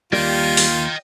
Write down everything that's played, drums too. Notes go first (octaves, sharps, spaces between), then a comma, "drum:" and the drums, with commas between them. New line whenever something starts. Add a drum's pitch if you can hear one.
D#2 G3 A#3 F4 G4 D5 D#5 G5
drum: open hi-hat